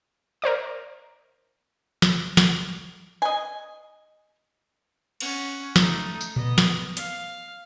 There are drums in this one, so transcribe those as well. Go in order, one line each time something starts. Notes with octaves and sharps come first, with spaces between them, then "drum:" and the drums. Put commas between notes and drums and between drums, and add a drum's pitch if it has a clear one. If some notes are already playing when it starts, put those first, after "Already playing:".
A#4 C5 D5 D6
drum: snare
drum: snare
D#5 G#5
C#4 F#5, drum: cymbal
A3 D#4, drum: snare
drum: tambourine
B3 D#5, drum: tom A#2
drum: snare
F5, drum: hi-hat